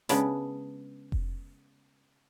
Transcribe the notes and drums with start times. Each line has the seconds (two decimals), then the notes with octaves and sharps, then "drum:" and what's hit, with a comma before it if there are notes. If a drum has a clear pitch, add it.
0.09 C#3 G#3 B3 D4, drum: hi-hat
1.12 drum: kick F1